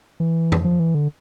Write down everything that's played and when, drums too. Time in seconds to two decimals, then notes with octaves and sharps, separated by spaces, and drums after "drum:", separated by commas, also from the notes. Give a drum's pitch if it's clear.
0.20 E3
0.52 drum: tom F2
0.65 F3
0.80 E3
0.95 D3